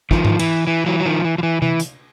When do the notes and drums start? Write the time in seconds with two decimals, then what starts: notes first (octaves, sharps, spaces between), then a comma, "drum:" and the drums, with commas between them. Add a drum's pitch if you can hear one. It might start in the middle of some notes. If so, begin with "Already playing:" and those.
0.11 D#3 F3, drum: kick
0.25 drum: tom G#2
0.39 E3, drum: cymbal
0.67 E3
0.86 E3 F#3
0.99 F#3
1.06 D#3 F3
1.24 E3
1.38 F3
1.43 E3
1.62 E3, drum: tom C3
1.80 drum: hi-hat